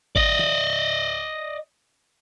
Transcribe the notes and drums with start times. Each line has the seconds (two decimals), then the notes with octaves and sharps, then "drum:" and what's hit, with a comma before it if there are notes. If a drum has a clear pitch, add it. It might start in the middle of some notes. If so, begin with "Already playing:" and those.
0.16 D5 D#5, drum: kick G#1
0.39 drum: tom